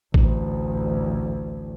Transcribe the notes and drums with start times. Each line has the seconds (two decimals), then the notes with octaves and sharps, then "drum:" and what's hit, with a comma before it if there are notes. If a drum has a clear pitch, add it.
0.14 A1 D2, drum: kick A1